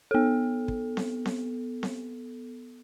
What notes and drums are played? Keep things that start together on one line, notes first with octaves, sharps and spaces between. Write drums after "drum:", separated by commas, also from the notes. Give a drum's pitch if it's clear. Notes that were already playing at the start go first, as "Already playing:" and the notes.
B3 A4
drum: kick
drum: snare C4
drum: snare C4
drum: snare C4